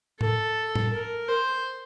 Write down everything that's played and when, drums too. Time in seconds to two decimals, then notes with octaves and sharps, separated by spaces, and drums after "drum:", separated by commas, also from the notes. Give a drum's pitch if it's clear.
0.21 A4, drum: tom A2
0.75 drum: tom A2
0.93 A#4
1.28 C5